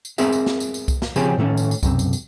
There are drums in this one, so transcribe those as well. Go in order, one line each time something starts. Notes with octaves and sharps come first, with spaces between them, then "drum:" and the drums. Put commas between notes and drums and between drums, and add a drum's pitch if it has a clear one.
drum: tambourine
B3 C4 G#4 A#4 E5, drum: tambourine
drum: tambourine
drum: snare
drum: tambourine
drum: tambourine
drum: kick C2, tambourine
drum: snare
C#3 F3 C4 G4 G#4 C#5, drum: tambourine
A2 D#3 A3 C#4
drum: tambourine
drum: tambourine
B1 F#2 C3, drum: kick C2, tambourine
drum: tambourine
drum: tambourine